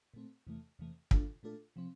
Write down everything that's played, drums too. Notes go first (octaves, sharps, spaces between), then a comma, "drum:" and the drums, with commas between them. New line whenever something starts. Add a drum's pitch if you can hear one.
A#2 A3 C4
E2 C3 E3 A3
E2 C3 E3 A3
A#2 A3 D4 F4 A4, drum: kick
A#2 A3 D4 F4 A4
C3 F3 C4